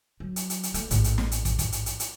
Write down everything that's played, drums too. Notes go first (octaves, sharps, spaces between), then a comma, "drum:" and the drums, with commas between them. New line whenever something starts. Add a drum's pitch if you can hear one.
F#3
drum: hi-hat
drum: hi-hat
drum: hi-hat
A3, drum: hi-hat
A1 G#2, drum: hi-hat
drum: hi-hat
drum: snare
drum: hi-hat
drum: kick, hi-hat
drum: kick, hi-hat
drum: hi-hat
drum: hi-hat
drum: hi-hat